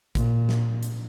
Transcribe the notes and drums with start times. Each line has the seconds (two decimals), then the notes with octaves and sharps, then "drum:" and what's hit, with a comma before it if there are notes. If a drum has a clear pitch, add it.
0.15 A#2, drum: kick, hi-hat
0.49 drum: snare
0.83 drum: hi-hat